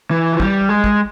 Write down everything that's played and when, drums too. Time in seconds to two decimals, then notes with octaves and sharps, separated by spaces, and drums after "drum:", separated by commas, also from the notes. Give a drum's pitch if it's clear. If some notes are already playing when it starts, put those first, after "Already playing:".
0.11 E3
0.33 F3
0.40 G3, drum: kick
0.69 G#3
0.84 drum: kick